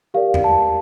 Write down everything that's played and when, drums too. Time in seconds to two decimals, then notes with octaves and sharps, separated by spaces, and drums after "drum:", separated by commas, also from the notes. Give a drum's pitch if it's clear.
0.14 G4 A#4 D5 F5
0.34 drum: tom E2
0.44 A5